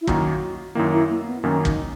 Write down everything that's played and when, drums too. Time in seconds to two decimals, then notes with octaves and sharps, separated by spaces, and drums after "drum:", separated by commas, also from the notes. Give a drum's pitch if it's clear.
0.01 E4
0.07 F#2 D#3 A#3 F#4, drum: kick
0.75 F#2 D#3 A#3 E4
0.92 E4
1.09 A#3
1.27 B3
1.42 F#2 D#3 A#3 C#4
1.65 D#4, drum: kick